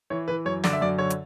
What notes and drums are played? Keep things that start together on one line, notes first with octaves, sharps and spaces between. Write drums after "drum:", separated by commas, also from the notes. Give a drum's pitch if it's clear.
E3 C#5
E3 B4
F#2 C#5
D3 D5, drum: snare
E5
F#2 D5
D3 C#5
drum: hi-hat